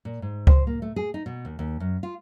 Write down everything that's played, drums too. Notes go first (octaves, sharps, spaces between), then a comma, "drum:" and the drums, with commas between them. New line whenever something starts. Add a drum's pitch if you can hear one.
A#2
G#2
C5, drum: kick C#2
A#3
A3
G#4
D#4
B2
D#2
D#2
F#2
F4